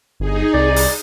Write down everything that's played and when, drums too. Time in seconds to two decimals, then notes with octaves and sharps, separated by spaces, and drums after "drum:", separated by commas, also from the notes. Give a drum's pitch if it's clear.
0.20 G1 D#4 G#4
0.54 C2 D5
0.76 drum: open hi-hat